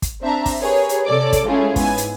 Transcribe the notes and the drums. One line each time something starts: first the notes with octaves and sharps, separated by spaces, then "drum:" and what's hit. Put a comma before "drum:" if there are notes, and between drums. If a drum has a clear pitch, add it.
drum: kick, hi-hat
C4 D4 C5 E5 A5 A#5
drum: kick, open hi-hat
G4 G#4 A#4 B4 C#5
drum: hi-hat
C3 A4 C#5 D5 D6
drum: kick, hi-hat
G#3 A3 C#4 E4 F4 G#4
G#2 B3 E4 G#5, drum: kick, open hi-hat
drum: hi-hat